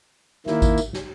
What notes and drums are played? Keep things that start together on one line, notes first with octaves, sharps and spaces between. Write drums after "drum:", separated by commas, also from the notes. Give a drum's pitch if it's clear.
D#3 A#3 E4, drum: snare
drum: kick G#1, tambourine
drum: tambourine
drum: snare